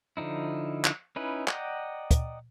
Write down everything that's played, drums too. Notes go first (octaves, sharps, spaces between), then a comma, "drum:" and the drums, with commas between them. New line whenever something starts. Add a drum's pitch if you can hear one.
D3 F3 D#4 E4
drum: clap
C#4 D#4 E4 B4
D5 D#5 F#5 G5 A#5, drum: clap
drum: kick, hi-hat